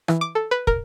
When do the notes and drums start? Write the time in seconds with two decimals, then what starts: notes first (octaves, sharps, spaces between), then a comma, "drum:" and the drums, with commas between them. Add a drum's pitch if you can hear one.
0.08 E3, drum: rim click
0.21 D6
0.35 A4
0.51 B4
0.67 A#4, drum: kick